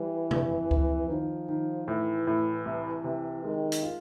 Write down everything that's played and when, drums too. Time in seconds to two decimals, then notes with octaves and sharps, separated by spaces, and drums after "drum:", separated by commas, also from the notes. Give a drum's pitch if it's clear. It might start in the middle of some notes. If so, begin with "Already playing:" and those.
Already playing: E3 G3
0.31 F1, drum: tom C3
0.71 F1, drum: kick C#2
1.09 D#3 F3
1.49 D#3
1.88 A2 E3
2.27 A2
2.65 C2
3.04 C3
3.43 D#3 G#3
3.72 drum: hi-hat
3.83 F4